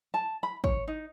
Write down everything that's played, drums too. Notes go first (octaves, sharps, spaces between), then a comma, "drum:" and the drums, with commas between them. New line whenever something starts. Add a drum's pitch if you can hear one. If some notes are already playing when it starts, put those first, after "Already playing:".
A5
B5
C#5, drum: kick
D#4